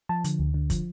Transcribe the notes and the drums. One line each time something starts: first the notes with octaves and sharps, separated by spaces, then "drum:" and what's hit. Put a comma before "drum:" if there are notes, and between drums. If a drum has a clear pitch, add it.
F3 A5
D3, drum: hi-hat
D2
D3
F3, drum: kick, hi-hat